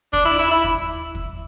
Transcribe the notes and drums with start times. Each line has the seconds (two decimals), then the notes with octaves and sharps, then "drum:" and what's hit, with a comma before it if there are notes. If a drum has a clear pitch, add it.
0.13 D4, drum: kick
0.25 E4
0.38 E4
0.51 E4
0.64 drum: kick
1.15 drum: kick